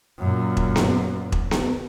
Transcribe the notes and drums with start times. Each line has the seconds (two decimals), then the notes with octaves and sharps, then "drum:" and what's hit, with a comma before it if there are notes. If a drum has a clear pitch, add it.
0.19 F#2 A#2
0.57 drum: kick E1
0.76 drum: snare B3
1.32 drum: kick E1
1.51 drum: snare B3